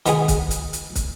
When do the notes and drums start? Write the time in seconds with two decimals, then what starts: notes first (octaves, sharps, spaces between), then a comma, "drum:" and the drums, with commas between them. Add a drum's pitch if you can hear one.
0.06 D#3 B3 G#4, drum: hi-hat
0.28 drum: kick, hi-hat
0.51 drum: hi-hat
0.73 drum: hi-hat
0.95 drum: kick, hi-hat